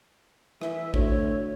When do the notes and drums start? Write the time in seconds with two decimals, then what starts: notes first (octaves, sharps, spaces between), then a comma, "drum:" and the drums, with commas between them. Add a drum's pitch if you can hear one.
0.61 E3 E5, drum: rim click
0.94 D2 C#5, drum: kick A1